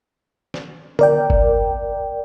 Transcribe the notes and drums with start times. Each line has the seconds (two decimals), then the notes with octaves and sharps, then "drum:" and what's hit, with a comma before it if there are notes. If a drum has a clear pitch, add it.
0.54 drum: snare
0.99 A#4 D5 G5, drum: tom
1.30 drum: kick F#1